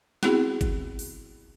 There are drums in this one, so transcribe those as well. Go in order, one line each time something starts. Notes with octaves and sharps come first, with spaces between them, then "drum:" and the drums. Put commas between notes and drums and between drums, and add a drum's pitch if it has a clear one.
B3 C4 E4 F#4 G#4, drum: snare
drum: kick, hi-hat
drum: open hi-hat